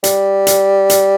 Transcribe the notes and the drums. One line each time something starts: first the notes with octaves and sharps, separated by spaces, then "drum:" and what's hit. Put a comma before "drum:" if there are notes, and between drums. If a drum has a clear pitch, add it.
G3, drum: hi-hat
drum: hi-hat
drum: hi-hat